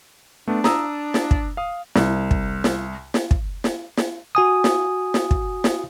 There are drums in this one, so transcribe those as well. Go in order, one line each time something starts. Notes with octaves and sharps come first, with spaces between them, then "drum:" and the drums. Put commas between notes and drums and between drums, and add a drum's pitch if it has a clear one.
A3 B3 D4
A#5 D#6 E6, drum: snare
drum: snare
drum: kick
F5 D#6
C2, drum: snare
drum: kick
drum: snare
drum: snare
drum: kick
drum: snare
drum: snare
F#4 G#5 D#6
drum: snare
drum: snare
drum: kick
drum: snare